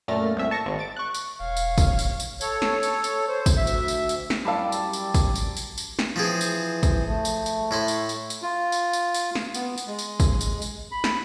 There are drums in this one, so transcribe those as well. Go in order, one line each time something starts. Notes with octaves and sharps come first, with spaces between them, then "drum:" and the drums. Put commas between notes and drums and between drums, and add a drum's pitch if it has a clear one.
F#2 A#2 A3 F6 A6 A#6
C2 E5
A5 C#6 A#6
G#1
A6 D7
C#6 F#6
drum: tambourine
E1 C#5 F5
drum: tambourine
drum: kick, tambourine
drum: tambourine
drum: tambourine
A4 C#5, drum: tambourine
drum: snare
drum: tambourine
drum: tambourine
C5
drum: kick, tambourine
D2 E5
drum: tambourine
drum: tambourine
drum: tambourine
drum: snare
F#2 G3 E4 D5 F5 A5 E6
drum: tambourine
drum: tambourine
drum: kick, tambourine
drum: tambourine
drum: tambourine
drum: tambourine
drum: snare
E3 F3 C4 G#4
drum: tambourine
drum: kick, tambourine
A3
drum: tambourine
drum: tambourine
A2 E4 C6
drum: tambourine
drum: tambourine
drum: tambourine
F4
drum: tambourine
drum: tambourine
drum: tambourine
drum: snare
B3, drum: tambourine
drum: tambourine
G#3
drum: tambourine
drum: kick, tambourine
drum: tambourine
drum: tambourine
B5
drum: snare